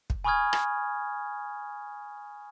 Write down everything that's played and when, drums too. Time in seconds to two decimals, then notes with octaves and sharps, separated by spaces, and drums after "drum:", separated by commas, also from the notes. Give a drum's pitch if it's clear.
0.10 drum: kick
0.24 G#5 B5 C#6 D#6 F6 G#6
0.53 drum: rim click